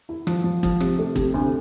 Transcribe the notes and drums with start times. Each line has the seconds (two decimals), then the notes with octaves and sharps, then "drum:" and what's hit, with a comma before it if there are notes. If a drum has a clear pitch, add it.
0.09 E4
0.27 F3, drum: rim click
0.44 F3
0.63 F3, drum: kick G1
0.80 C3, drum: rim click
0.99 A3
1.16 C3, drum: kick G1
1.34 D2